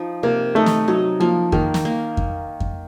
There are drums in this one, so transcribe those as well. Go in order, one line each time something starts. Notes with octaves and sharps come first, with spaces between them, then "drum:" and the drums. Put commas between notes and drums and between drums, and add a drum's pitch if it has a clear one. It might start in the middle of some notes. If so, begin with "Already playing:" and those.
Already playing: F3 D#4
C3 A#3
A3 D#4
drum: snare
F#3 D#4
F3 A#3
D#3 A#3, drum: kick F2
drum: snare
A#3
drum: kick F2
drum: kick F2